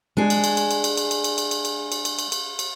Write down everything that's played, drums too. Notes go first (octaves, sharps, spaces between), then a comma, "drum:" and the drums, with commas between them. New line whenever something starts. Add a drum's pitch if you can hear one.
G#3 D4 G#4
drum: cymbal
drum: cymbal
drum: cymbal
drum: cymbal
drum: cymbal
drum: cymbal
drum: cymbal
drum: cymbal
drum: cymbal
drum: cymbal
drum: cymbal
drum: cymbal
drum: cymbal
drum: cymbal
drum: cymbal
drum: cymbal